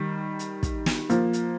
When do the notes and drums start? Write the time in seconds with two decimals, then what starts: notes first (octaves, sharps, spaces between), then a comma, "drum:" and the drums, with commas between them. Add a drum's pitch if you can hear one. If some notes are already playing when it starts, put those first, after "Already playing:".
Already playing: D#3 G3
0.39 drum: hi-hat
0.63 drum: kick, hi-hat
0.86 drum: snare
1.09 F3 A#3, drum: hi-hat
1.33 drum: hi-hat